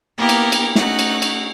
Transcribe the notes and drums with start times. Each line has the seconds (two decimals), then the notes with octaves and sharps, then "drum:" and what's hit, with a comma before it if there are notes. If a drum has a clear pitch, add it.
0.17 A#3 B3 E4 G4 A#4
0.29 drum: cymbal
0.52 drum: cymbal
0.75 A3 C#4 D#4 F#4 F#6, drum: snare
0.99 drum: cymbal
1.22 drum: cymbal